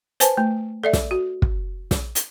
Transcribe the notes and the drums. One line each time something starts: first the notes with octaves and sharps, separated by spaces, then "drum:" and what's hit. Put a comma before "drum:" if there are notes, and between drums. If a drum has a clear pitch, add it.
B4 C5 G#5 A5, drum: hi-hat
A3
A4 D5 E5
drum: snare
F#4
drum: kick
drum: snare
drum: hi-hat